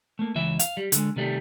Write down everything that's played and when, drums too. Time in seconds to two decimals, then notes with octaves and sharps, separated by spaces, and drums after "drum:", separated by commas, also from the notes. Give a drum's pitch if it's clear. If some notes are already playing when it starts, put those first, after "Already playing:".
0.19 A3 A#3
0.35 C#2 E3 E5
0.59 F5, drum: hi-hat
0.77 G3
0.92 D3 G#3, drum: hi-hat
1.16 C3 D#3 G3 A3